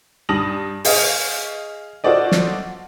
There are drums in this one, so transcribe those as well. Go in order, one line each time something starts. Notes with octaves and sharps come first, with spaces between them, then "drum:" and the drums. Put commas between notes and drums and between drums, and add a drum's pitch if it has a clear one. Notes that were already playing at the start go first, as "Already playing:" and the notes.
G2 G4 A5 D#6 A#6 F#7
G#4 D#5 F5, drum: open hi-hat
F4 F#4 A4 C5 D5 D#5
drum: snare